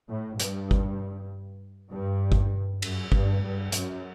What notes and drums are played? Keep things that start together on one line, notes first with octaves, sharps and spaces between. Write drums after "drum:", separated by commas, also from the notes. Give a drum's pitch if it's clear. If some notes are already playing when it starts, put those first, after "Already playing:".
A2
G2, drum: hi-hat
drum: kick G1
G2
drum: kick G1
F#2, drum: cymbal
G2, drum: kick G1
G2
F#2, drum: hi-hat